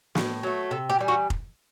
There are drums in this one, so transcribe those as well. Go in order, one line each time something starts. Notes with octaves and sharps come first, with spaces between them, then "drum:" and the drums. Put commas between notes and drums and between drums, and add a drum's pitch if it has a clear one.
A2, drum: snare
F#3 A3
C3 A4
G4
E3 G3
F#4
drum: kick F1